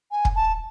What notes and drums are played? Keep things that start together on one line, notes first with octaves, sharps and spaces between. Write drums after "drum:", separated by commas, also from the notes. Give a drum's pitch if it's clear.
G#5
drum: kick
A5